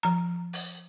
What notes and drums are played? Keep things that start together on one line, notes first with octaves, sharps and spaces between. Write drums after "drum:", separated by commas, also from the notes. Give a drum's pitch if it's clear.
F3 A#5
drum: open hi-hat